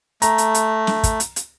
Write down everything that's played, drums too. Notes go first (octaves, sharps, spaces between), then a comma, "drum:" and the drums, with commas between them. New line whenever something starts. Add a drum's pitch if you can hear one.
A3 A#5, drum: hi-hat
drum: hi-hat
drum: hi-hat
drum: snare
drum: kick, hi-hat
drum: hi-hat
drum: hi-hat